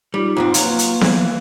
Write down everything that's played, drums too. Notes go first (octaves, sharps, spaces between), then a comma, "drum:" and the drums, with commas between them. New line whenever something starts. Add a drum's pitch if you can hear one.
G3 D#4 F4
F2 G#2 C4
F#3 A#3 F4 B4 F5, drum: hi-hat
drum: hi-hat
E3, drum: snare B3